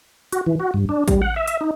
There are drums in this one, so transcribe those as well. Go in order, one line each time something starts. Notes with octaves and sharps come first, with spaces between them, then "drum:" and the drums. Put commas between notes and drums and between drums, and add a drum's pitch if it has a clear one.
F#4, drum: hi-hat
E3
F#4
G2
D4
G3, drum: kick A1, hi-hat
F#5
E5
E5, drum: hi-hat
D#4